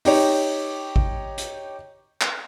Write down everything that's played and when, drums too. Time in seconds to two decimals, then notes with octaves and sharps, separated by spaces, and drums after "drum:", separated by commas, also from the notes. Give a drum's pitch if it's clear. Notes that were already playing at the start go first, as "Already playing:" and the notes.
0.05 D#4 G4 C#5, drum: open hi-hat
0.96 drum: kick A1
1.38 drum: hi-hat
2.21 drum: clap